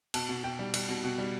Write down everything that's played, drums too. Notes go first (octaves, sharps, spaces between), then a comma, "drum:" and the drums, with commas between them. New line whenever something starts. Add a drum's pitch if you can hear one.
B2 A5, drum: cymbal
B2
B2 G5
G3
G3, drum: cymbal
B2
B2
G3